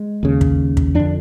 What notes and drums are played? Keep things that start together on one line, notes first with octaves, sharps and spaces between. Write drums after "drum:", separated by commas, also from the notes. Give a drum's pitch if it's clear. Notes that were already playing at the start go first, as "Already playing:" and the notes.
Already playing: G#3
D#2 C#3
drum: kick
drum: kick
F2 D3 D4